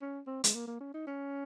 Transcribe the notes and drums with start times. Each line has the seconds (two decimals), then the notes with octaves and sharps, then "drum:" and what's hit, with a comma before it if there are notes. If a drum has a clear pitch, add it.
0.01 C#4
0.27 C4
0.44 G#3, drum: hi-hat
0.54 A#3
0.67 A#3
0.81 C#4
0.94 D#4
1.07 C#4